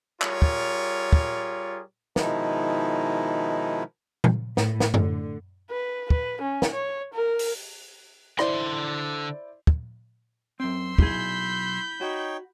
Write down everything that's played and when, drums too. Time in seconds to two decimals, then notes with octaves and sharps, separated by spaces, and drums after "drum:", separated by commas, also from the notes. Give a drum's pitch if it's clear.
0.21 G3 F4 G#4 A#4 C#5, drum: clap
0.42 drum: kick
1.13 drum: kick
2.16 B2 D#3 F3 G#3 D#4 E4, drum: snare
4.24 drum: tom A#2
4.57 A2, drum: snare
4.80 drum: snare
4.94 D3, drum: tom F#2
5.70 B4
6.10 B4, drum: kick
6.41 C#4
6.62 drum: snare
6.72 C#5
7.13 A#4
7.39 drum: open hi-hat
8.39 D3 E4 C5 D5 C6, drum: rim click
9.67 drum: kick
10.60 F#2 C4 C6 E6
10.99 B1 E4 G#4 B5 G6, drum: kick
12.01 D#4 F#4 C#5 G5